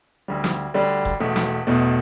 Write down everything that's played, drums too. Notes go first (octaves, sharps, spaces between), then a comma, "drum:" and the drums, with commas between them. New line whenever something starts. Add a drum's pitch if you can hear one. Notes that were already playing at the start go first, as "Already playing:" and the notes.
D2 D3 G3
drum: snare
D2 D3 G3
drum: kick F1
E1 E2 B2 A3
drum: snare
E1 E2 B2 A3